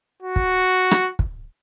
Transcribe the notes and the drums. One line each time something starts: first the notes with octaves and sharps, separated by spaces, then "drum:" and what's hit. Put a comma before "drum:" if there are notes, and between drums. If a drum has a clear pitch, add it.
F#4
drum: kick
drum: rim click
drum: kick